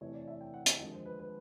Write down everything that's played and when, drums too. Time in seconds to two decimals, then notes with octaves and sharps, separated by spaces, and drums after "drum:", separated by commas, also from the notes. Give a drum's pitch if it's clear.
0.01 E2 C3 E3 A3 C#5
0.14 D5
0.28 E5
0.41 G5
0.54 F#5
0.66 E5, drum: hi-hat
0.80 D#2 D3 F3 G#3 D#5
0.93 C5
1.06 B4
1.19 B4